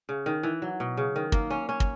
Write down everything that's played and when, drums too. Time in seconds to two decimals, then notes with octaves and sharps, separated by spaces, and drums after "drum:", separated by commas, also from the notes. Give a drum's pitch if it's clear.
0.09 C#3
0.26 D#3
0.43 E3
0.62 F#3
0.80 B2
0.97 C#3
1.16 D#3
1.32 A#3, drum: kick
1.50 C#4
1.69 C#4
1.80 drum: kick